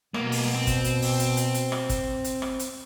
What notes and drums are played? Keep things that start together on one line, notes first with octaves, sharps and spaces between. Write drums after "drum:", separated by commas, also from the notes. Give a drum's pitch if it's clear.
B2 A#3 B3, drum: rim click
drum: open hi-hat
C4
drum: kick G1, hi-hat
drum: hi-hat
drum: open hi-hat
drum: hi-hat
drum: hi-hat
drum: hi-hat
drum: rim click
drum: kick G1, hi-hat
drum: hi-hat
drum: rim click
drum: hi-hat